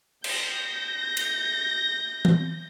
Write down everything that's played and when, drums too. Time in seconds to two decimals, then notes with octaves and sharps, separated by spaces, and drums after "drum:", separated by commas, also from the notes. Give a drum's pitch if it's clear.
0.24 G6 A#6, drum: cymbal
1.17 drum: cymbal
2.25 drum: tom E3